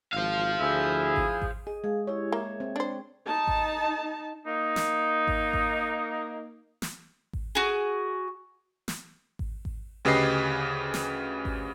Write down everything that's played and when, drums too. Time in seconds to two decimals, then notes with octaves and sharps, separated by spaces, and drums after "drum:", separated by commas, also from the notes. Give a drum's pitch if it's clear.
0.13 G#1 C5 F5
0.59 D2 E4 G#4 E5
1.16 drum: kick G#1
1.42 drum: kick G#1
1.67 G#4 D#5
1.84 G#3 G#4 F5
2.07 E4 G4 C#5
2.32 A#3 E5
2.60 C4
2.76 D4 C5 C#5
3.27 D#4 A5
3.47 drum: kick G#1
4.46 A#3 D#4
4.76 drum: snare
5.28 drum: kick G#1
5.53 drum: kick G#1
6.82 drum: snare
7.33 drum: kick G#1
7.55 F#4 G#4
8.88 drum: snare
9.39 drum: kick G#1
9.65 drum: kick G#1
10.05 D2 C#3 G4 B4 D#5 C7
10.94 drum: snare
11.45 drum: kick G#1